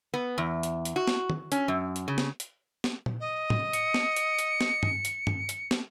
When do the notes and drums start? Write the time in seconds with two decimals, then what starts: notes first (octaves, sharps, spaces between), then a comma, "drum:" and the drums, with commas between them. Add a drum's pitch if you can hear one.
0.14 B3
0.38 E2
0.63 drum: hi-hat
0.85 drum: hi-hat
0.96 F#4
1.07 drum: snare
1.30 drum: tom
1.52 C#4, drum: hi-hat
1.68 F#2
1.96 drum: hi-hat
2.08 C#3
2.18 drum: snare
2.40 drum: hi-hat
2.84 drum: snare
3.06 drum: tom A#2
3.20 D#5
3.50 drum: tom
3.73 C#7, drum: hi-hat
3.94 drum: snare
4.16 drum: hi-hat
4.39 drum: hi-hat
4.61 drum: snare
4.83 drum: tom G2
5.05 drum: hi-hat
5.27 drum: tom G2
5.49 drum: hi-hat
5.71 drum: snare